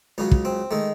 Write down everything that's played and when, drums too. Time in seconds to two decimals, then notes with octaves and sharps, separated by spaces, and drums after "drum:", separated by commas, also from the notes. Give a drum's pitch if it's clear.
0.18 C#2 C#3 F#3 C#4
0.31 drum: kick
0.45 C4
0.71 D#3 G#3 A3